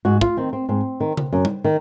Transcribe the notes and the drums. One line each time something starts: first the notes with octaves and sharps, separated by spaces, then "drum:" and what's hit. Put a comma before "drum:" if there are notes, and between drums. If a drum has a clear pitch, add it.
G#2 F#4
F4, drum: kick
D#3 C4
C4
G#2 C4
D#3
drum: tom C#3
F#2
drum: tom G3
D#3